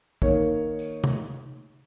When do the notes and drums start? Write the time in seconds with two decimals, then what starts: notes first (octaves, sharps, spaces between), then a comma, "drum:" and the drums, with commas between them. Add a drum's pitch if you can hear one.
0.22 D#3 A#3 C#5, drum: kick
0.79 drum: tambourine
1.04 drum: tom C3